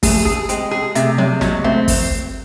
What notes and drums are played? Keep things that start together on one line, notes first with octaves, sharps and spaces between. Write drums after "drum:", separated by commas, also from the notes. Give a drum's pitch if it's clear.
A3 G#4, drum: kick, open hi-hat
G#4
G#3 C4, drum: hi-hat
G#4
C3 A3, drum: hi-hat
C3 F#3
F#3 G#3, drum: snare
A3 C4
drum: kick, open hi-hat